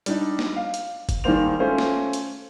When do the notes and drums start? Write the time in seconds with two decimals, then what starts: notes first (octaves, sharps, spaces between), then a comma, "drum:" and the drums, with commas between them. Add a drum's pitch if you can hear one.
0.06 G3 D4 D#4, drum: hi-hat
0.39 drum: snare
0.56 F5
0.74 drum: hi-hat
1.09 drum: kick F#1, hi-hat
1.24 D#3 G3 G#3 A#3 C5 F7
1.60 A3 C#4 F4 C5
1.78 drum: snare
2.13 drum: hi-hat